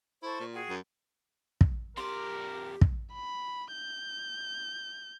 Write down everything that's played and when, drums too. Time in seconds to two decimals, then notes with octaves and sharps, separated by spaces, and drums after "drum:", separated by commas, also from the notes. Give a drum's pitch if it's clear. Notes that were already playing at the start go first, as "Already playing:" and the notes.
0.23 E4 A4 C5 C#6
0.40 A#2
0.53 F#4 G#4 G5
0.70 F#2
1.61 drum: kick
1.97 F2 G4 A#4 D5 C6
2.81 drum: kick
3.13 B5
3.73 G6